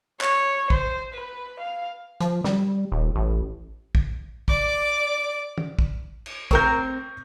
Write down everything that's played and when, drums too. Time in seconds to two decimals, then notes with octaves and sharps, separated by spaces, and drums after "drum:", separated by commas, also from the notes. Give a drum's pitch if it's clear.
0.21 C#5, drum: clap
0.70 C5, drum: kick
1.13 B4
1.60 F5
2.20 F3, drum: hi-hat
2.44 G3, drum: snare
2.92 D#1
3.16 A1
3.95 drum: kick
4.48 D5 D6, drum: kick
5.58 drum: tom
5.79 drum: kick
6.26 drum: cymbal
6.51 C4 A#4 C#6 G6, drum: kick